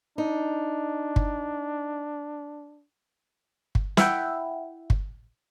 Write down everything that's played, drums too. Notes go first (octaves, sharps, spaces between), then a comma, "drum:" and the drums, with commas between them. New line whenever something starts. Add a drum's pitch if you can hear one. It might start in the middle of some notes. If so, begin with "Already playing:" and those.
D4 D#4
drum: kick
drum: kick
E4 E5 F#5 G5, drum: snare
drum: kick